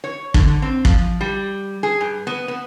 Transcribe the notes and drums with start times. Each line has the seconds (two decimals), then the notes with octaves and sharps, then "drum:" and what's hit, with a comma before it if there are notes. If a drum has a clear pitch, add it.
0.04 C#5
0.34 D3, drum: kick
0.62 C4
0.85 F3, drum: kick
1.21 G3
1.83 G#4
2.01 G2
2.27 B3
2.48 B3